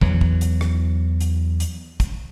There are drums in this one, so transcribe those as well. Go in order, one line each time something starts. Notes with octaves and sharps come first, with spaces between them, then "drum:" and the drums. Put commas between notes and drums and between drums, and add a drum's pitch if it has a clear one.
E2 E3 F#3, drum: kick
drum: kick
drum: hi-hat
drum: rim click
drum: hi-hat
drum: hi-hat
drum: kick, hi-hat